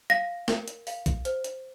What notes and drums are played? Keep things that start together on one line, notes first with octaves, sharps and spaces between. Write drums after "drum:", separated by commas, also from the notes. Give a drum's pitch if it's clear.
F5 A#6
A#4, drum: snare
drum: hi-hat
F5, drum: open hi-hat
drum: kick, hi-hat
C5, drum: hi-hat
drum: hi-hat